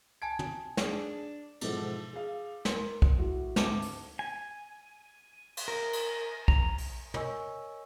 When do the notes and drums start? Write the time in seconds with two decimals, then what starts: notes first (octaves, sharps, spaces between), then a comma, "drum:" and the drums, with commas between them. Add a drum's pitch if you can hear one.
0.22 G#5 A5 G#6 D7
0.39 drum: tom
0.77 D4 G#4, drum: snare
1.61 B1 G#2 E3 F3 A4 F#5, drum: cymbal
2.13 G#4 F5
2.65 A#4 C6, drum: snare
3.02 drum: kick A#1
3.17 A2 F#4
3.56 G#1 D2 A5 D6, drum: snare
3.82 drum: open hi-hat
4.19 G#5
5.57 drum: cymbal
5.68 A#4
5.93 drum: cymbal
6.48 A#5, drum: kick A#1
6.78 drum: open hi-hat
7.14 A#4 C#5 D#5 G#5 C#6 E6, drum: tom